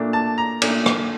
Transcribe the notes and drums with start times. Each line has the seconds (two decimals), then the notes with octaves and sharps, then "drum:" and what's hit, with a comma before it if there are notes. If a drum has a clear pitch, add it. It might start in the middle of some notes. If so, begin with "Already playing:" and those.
Already playing: A#2 A3 D4
0.13 A5
0.38 A#5
0.62 A#2 A3 D4, drum: cymbal
0.86 drum: rim click